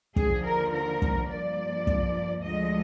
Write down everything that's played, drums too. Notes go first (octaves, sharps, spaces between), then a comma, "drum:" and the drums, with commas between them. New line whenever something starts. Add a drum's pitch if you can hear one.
D#2 D3 F3 G#4, drum: kick
A#4
A#4
drum: kick
G2 F3 A#3 D5
drum: kick
D2 D3 F3 G#3 D#5